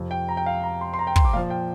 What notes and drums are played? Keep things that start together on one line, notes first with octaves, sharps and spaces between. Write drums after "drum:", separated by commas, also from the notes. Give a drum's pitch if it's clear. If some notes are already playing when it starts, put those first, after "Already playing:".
Already playing: F2 C3 F3
G5
A#5
G5
F5
A#5
C6
C6
A#5
G5
C6, drum: kick
D6
A#2 F3 F5
G5